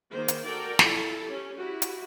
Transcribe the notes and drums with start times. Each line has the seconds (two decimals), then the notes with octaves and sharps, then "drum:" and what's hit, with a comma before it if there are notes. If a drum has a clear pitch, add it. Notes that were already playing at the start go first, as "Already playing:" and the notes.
0.11 D#3 A#3 G#4 C5
0.28 drum: hi-hat
0.46 F#4 A4 A#4 D5 G5
0.79 E4 F4 A4, drum: snare
1.24 C#4 G4
1.56 E4 F#4 G4
1.82 drum: hi-hat